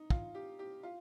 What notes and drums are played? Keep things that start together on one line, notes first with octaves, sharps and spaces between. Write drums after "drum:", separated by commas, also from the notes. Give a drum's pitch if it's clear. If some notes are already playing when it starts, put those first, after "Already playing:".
Already playing: D#4
F4, drum: kick
G4
G4
F4